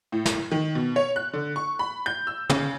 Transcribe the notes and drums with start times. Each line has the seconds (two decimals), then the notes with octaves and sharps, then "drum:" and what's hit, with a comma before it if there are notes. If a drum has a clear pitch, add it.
0.12 A2
0.26 drum: snare
0.51 D#3
0.75 B2
0.96 C#5
1.16 F#6
1.33 D3
1.56 C#6
1.79 B5
2.06 G6
2.27 E6
2.50 C#3, drum: tom